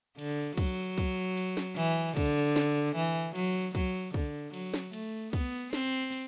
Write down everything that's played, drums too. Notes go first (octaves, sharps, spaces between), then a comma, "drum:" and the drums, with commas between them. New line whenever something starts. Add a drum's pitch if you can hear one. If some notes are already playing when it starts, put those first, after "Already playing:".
D3, drum: cymbal
F#3, drum: kick, cymbal
drum: kick, cymbal
drum: cymbal
drum: snare
E3, drum: cymbal
D3, drum: kick, cymbal
drum: snare
E3
F#3, drum: cymbal
F#3, drum: kick, cymbal
D3, drum: kick
F#3, drum: cymbal
drum: snare
A3, drum: cymbal
B3, drum: kick, cymbal
C4, drum: snare
drum: cymbal